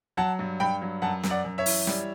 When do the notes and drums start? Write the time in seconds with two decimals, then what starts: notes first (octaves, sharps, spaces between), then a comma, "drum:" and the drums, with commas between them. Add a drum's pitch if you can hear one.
0.17 F#3 F#5 A5
0.39 G2
0.60 G2 G5 B5
0.82 F#3
1.02 F#2 F#5 A5
1.24 F#2, drum: snare
1.30 D5 F#5
1.44 F#2
1.58 C#5 E5
1.66 E3, drum: open hi-hat
1.87 G3, drum: snare